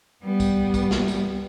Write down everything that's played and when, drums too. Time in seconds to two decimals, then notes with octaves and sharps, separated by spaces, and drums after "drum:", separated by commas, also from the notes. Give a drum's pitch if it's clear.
0.23 G3 B3
0.40 drum: kick, tambourine
0.74 drum: kick, tambourine
0.91 drum: snare
1.08 drum: tambourine